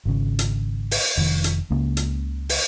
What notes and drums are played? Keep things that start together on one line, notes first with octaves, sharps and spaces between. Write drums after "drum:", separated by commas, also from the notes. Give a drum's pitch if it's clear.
G#1 C#3
drum: hi-hat
drum: open hi-hat
F1 D#3
drum: hi-hat
C#2 C#3 A#3
drum: hi-hat
drum: open hi-hat